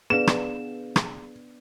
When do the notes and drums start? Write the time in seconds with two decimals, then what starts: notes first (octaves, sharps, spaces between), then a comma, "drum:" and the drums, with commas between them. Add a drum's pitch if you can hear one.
0.10 B3 D4 G#4 B4 F5 E7
0.27 drum: rim click
0.96 drum: rim click